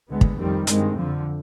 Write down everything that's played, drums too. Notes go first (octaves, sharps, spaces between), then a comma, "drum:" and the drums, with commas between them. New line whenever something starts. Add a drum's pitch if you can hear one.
D2 D3 G#3 B3
drum: kick
F2 D#3 G3 C4
G2 D#3 G#3 C4, drum: hi-hat
F2 D3 F3